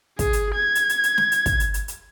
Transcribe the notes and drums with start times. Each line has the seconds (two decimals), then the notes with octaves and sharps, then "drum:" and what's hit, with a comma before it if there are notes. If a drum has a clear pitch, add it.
0.19 G#4, drum: kick, hi-hat
0.33 drum: hi-hat
0.55 G#6
0.75 drum: hi-hat
0.89 drum: hi-hat
1.03 drum: hi-hat
1.18 drum: snare
1.32 drum: hi-hat
1.46 drum: kick, hi-hat
1.60 drum: hi-hat
1.74 drum: hi-hat
1.88 drum: hi-hat